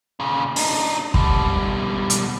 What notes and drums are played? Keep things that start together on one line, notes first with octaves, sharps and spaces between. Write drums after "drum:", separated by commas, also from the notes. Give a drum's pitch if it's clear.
A#2 C#3
D4 D#4, drum: open hi-hat
B2 G3, drum: kick
drum: hi-hat